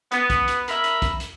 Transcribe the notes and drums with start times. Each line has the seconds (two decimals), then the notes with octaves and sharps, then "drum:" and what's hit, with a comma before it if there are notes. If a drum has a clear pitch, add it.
0.12 B3, drum: hi-hat
0.30 drum: kick, hi-hat
0.48 drum: hi-hat
0.68 A#4 E5 A#5 B5, drum: hi-hat
0.84 drum: hi-hat
1.02 drum: kick, hi-hat
1.20 drum: hi-hat